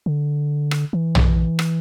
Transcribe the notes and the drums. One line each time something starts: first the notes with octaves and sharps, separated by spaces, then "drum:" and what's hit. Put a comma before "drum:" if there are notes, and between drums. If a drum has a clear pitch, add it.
D3
drum: rim click
E3
drum: tom
drum: rim click